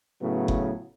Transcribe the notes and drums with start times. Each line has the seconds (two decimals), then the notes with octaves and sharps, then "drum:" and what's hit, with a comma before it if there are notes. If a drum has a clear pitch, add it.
0.22 A2 C#3 F#3 B3
0.48 drum: kick F#1